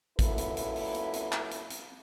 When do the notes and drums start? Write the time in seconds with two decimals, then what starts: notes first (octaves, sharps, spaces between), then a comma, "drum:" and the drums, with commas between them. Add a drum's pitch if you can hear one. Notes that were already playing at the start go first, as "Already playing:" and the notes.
0.19 F#2 A#2 E4 A4 B4, drum: kick A1, hi-hat
0.38 drum: hi-hat
0.57 drum: hi-hat
0.76 drum: open hi-hat
0.95 drum: hi-hat
1.13 drum: hi-hat
1.32 drum: clap
1.51 drum: hi-hat
1.70 drum: hi-hat